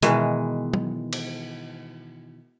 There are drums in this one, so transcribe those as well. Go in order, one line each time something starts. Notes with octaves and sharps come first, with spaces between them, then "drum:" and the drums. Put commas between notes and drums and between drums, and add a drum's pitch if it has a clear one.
B2 D#3 E3 G#3, drum: hi-hat
drum: tom F#3
drum: cymbal